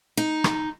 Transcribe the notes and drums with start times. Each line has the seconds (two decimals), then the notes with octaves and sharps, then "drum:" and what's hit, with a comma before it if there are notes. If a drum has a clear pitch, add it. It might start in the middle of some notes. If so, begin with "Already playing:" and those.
0.17 D#4
0.44 drum: rim click